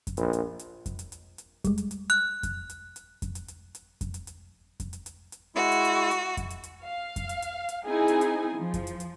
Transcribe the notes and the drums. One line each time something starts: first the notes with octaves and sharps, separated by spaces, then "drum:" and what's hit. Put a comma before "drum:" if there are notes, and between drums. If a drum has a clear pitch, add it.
drum: kick F2, hi-hat
A#1, drum: hi-hat
drum: hi-hat
drum: hi-hat
drum: kick F2, hi-hat
drum: hi-hat
drum: hi-hat
drum: hi-hat
G3 G#3, drum: kick F2, hi-hat
drum: hi-hat
drum: hi-hat
F6 F#6
drum: kick F2, hi-hat
drum: hi-hat
drum: hi-hat
drum: kick F2, hi-hat
drum: hi-hat
drum: hi-hat
drum: hi-hat
drum: kick F2, hi-hat
drum: hi-hat
drum: hi-hat
drum: kick F2, hi-hat
drum: hi-hat
drum: hi-hat
drum: hi-hat
G#3 E4 F#4
drum: hi-hat
drum: hi-hat
drum: hi-hat
drum: kick F2, hi-hat
drum: hi-hat
drum: hi-hat
F5
drum: kick F2, hi-hat
drum: hi-hat
drum: hi-hat
drum: hi-hat
C4 D#4 E4 G#4 G#5
drum: hi-hat
drum: hi-hat
F3
drum: kick F2, hi-hat
drum: hi-hat
drum: hi-hat